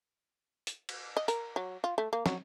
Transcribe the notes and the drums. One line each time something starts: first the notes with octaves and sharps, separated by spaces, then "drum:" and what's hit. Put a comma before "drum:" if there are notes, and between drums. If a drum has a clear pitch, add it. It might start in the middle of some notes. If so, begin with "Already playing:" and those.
drum: hi-hat
drum: cymbal
D#5
A#4, drum: hi-hat
F#3
F4
A3
A#3
F#3, drum: snare